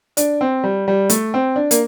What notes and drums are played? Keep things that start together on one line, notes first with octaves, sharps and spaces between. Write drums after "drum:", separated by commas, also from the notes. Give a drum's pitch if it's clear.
D4, drum: hi-hat
C4
G3
G3
A3, drum: hi-hat
C4
D4
A#3, drum: hi-hat